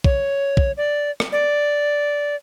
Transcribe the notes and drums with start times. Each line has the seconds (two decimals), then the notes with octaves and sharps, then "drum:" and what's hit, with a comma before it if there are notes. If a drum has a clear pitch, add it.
0.04 C#5, drum: kick
0.57 drum: kick
0.77 D5
1.20 drum: rim click
1.32 D5